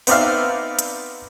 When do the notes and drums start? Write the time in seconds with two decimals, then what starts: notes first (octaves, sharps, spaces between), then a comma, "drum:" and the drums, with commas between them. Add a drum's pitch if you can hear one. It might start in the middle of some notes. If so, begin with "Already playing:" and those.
0.07 B3 C4 D#4 D5 E5 F5, drum: open hi-hat
0.79 drum: hi-hat